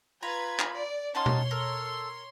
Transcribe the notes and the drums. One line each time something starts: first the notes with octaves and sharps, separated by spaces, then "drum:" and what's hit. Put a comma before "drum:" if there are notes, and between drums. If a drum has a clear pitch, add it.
F4 B4 A#5 B5 G#6
drum: clap
D5
C#4 D#4 F4 F#4 C#5 A5 C6
drum: tom B2
A4 A#4